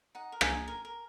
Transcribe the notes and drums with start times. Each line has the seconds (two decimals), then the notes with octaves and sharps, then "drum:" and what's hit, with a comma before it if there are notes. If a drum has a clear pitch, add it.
0.15 D#4 F#5
0.32 A#4
0.41 G#5, drum: rim click
0.50 D#4
0.68 A#4
0.85 A#4